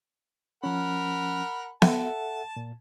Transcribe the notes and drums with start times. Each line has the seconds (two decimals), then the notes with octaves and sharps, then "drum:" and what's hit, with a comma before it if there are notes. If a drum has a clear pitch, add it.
0.64 F3 C#4 A#4 F#5 B5
1.82 A4 E5 F#5 A5, drum: snare B3
2.56 A#2